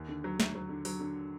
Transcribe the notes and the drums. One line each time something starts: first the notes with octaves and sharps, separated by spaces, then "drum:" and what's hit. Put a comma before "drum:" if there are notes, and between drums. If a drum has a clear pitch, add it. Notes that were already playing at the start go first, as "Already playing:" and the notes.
Already playing: D#2
D3
F#3
F#3, drum: snare
F#3
D3
F#3, drum: open hi-hat
D3